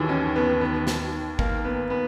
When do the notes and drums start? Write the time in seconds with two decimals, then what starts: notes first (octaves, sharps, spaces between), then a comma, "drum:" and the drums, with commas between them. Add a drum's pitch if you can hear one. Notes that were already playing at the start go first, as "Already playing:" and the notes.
Already playing: D#2 E3 F#3 G#3
0.09 C#4
0.36 B3
0.61 B3
0.87 drum: snare
1.39 A#3, drum: kick
1.64 B3
1.90 B3